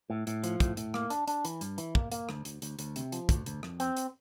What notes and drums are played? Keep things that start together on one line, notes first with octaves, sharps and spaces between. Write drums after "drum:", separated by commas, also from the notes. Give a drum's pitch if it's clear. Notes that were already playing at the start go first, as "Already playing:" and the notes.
A2
A2, drum: hi-hat
F3, drum: hi-hat
A2, drum: kick, hi-hat
A2, drum: hi-hat
A#3, drum: rim click
D4, drum: hi-hat
D4, drum: hi-hat
E3, drum: hi-hat
G2, drum: hi-hat
E3, drum: hi-hat
A#3, drum: kick
A#3, drum: hi-hat
D2, drum: rim click
D2, drum: hi-hat
D2, drum: hi-hat
D2, drum: hi-hat
C3, drum: hi-hat
F3, drum: hi-hat
D2, drum: kick, hi-hat
D2, drum: hi-hat
F2, drum: rim click
C4, drum: hi-hat
drum: hi-hat